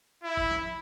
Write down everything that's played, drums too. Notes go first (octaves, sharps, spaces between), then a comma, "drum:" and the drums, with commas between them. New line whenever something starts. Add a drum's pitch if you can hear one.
E4
drum: kick
drum: snare